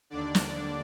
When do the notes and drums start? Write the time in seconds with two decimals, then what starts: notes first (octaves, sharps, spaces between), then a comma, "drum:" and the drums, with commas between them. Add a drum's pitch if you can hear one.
0.10 D#2 D3 D4 D5
0.35 drum: snare